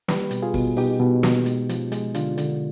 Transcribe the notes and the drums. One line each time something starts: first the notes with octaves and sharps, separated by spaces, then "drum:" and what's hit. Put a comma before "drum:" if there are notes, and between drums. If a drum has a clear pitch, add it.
G3 G4 B4, drum: snare
B2, drum: hi-hat
F4 G#4
B2, drum: kick, open hi-hat
B2 D#4 G4, drum: open hi-hat
B2
B2, drum: snare
G#3, drum: hi-hat
F3, drum: hi-hat
G#3, drum: hi-hat
D3 D4 F4, drum: hi-hat
D3, drum: hi-hat